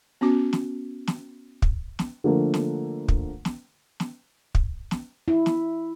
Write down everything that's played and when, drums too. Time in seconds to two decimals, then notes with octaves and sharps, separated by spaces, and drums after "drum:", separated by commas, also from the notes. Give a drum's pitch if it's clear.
0.21 B3 C#4 F#4 D6
0.53 drum: snare
1.07 drum: snare
1.62 drum: kick
1.99 drum: snare
2.24 D3 F3 A3 A#3
2.54 drum: snare
3.08 drum: kick
3.45 drum: snare
4.00 drum: snare
4.55 drum: kick
4.91 drum: snare
5.28 E4
5.46 drum: snare